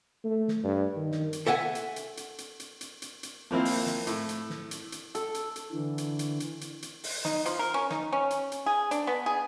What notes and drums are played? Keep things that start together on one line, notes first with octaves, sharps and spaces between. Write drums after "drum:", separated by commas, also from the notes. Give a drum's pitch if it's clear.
A3
drum: snare
G2
D#3
drum: snare
drum: hi-hat
A4 E5 F#5 G#5
drum: hi-hat
drum: hi-hat
drum: hi-hat
drum: hi-hat
drum: hi-hat
drum: hi-hat
drum: hi-hat
drum: hi-hat
F3 A#3 C4 E4
drum: open hi-hat
drum: snare
A2, drum: hi-hat
drum: hi-hat
drum: snare
drum: hi-hat
drum: hi-hat
A4, drum: hi-hat
drum: hi-hat
drum: hi-hat
D3 E3
drum: hi-hat
drum: hi-hat
drum: hi-hat
drum: hi-hat
drum: hi-hat
drum: open hi-hat
D#4, drum: snare
F3, drum: hi-hat
A#4
C#4
D#4, drum: snare
C#4
drum: hi-hat
drum: hi-hat
G#4
D4, drum: hi-hat
B3
G#4